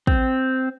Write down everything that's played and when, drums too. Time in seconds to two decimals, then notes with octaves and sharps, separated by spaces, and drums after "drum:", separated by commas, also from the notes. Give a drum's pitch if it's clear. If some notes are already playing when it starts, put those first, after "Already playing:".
0.07 C4, drum: kick